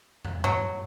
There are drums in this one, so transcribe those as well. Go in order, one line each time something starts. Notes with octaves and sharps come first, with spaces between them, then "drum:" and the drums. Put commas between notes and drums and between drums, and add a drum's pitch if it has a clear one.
drum: tom
F#3, drum: tom G2